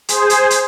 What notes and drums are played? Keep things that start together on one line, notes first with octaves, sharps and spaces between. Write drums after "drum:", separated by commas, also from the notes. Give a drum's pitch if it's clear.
G#4 C5, drum: hi-hat
drum: hi-hat
drum: hi-hat